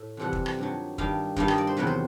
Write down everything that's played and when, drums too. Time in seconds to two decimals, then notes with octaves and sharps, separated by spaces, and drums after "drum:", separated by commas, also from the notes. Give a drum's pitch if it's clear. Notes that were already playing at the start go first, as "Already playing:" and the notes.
Already playing: A2
0.17 F2 C3 E3 G3 F#5
0.33 drum: kick
0.46 drum: rim click
0.59 G2 D#3 F#3
0.98 G2 D#3 G3 F5, drum: kick
1.36 G2 D#3 G3 F5, drum: kick
1.48 D#5, drum: rim click
1.58 D5
1.67 C5
1.77 E2 C3 D#3 F#3 B4
1.87 C5